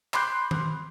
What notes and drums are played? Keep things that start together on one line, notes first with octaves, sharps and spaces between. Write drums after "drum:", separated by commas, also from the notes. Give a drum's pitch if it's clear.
B5 C6 D6 F#6 G6 C7, drum: clap
drum: tom D#3